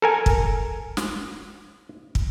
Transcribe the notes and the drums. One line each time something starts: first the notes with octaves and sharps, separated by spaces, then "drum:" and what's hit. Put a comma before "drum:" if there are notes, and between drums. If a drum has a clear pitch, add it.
A4 A#4 G#5
drum: kick
drum: snare
drum: kick